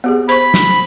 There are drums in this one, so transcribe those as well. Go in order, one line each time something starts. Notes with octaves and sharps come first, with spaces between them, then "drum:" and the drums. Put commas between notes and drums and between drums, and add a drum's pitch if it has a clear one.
B3 G4 G#4
C5 B5 C#6, drum: hi-hat
drum: snare